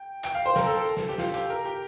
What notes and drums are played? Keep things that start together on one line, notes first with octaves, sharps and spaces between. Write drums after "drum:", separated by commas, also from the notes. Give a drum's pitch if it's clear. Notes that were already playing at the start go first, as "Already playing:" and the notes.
Already playing: G5
G5, drum: clap
F5
C5
A#4, drum: snare
A4
A4
drum: snare
G4
F4, drum: snare
G4, drum: hi-hat
A#4
G4